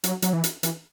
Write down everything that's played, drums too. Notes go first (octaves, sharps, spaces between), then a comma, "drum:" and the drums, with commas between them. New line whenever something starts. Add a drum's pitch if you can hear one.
F#3, drum: hi-hat
F#3, drum: hi-hat
E3
drum: hi-hat
E3, drum: hi-hat